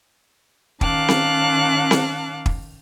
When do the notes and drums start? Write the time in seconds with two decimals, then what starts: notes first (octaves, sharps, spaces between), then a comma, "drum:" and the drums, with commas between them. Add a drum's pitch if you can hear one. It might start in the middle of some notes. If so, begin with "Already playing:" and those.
0.81 D#3 C#4 F5 A5 D6 F#6, drum: kick
1.08 drum: snare C4
1.91 drum: snare C4
2.46 drum: kick